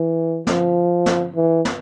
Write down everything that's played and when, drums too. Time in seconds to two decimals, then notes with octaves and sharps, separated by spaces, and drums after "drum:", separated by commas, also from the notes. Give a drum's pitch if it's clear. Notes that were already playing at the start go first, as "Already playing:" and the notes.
Already playing: E3
0.47 F3, drum: snare
1.06 drum: snare
1.35 E3
1.65 drum: snare